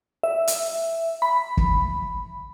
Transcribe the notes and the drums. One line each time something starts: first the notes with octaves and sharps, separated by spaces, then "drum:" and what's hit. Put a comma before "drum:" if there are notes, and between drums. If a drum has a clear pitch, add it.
E5
drum: hi-hat
B5
drum: kick